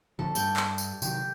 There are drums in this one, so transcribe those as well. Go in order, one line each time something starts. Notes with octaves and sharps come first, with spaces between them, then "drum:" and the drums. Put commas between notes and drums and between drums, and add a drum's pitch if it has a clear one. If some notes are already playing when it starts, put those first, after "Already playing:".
A2 D3 F3 A4
G2 G3 D5 E5 G5, drum: tambourine
drum: clap
drum: tambourine
C3 D#3 F#3 G4, drum: tambourine